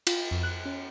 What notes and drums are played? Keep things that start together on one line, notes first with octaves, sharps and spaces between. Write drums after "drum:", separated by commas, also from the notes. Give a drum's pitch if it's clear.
F4, drum: cymbal
F2
F#6
C#4